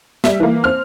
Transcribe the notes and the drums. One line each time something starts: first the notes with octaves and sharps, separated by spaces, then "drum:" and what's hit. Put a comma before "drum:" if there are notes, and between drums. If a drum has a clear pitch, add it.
G3 E5, drum: snare
E3 A#3
C4 F6